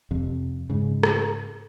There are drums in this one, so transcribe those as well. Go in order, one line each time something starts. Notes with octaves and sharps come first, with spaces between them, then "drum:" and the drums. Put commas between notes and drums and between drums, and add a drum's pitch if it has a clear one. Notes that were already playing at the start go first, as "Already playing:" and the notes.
F2 C3
G#2 C#3
drum: rim click